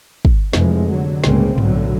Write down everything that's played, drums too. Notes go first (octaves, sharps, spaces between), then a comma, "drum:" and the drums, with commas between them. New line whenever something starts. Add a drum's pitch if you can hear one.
drum: kick
F1 E3 F3 G#3, drum: snare
D3 F#3
G1 C#2 A2 C#3 A#3 C4, drum: snare
B1 A2 D3 F#3, drum: tom G2